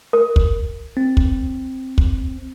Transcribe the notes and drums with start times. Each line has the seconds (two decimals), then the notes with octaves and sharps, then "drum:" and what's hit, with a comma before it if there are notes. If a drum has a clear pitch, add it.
0.13 A#4
0.36 drum: kick
0.97 C4
1.17 drum: kick
1.98 drum: kick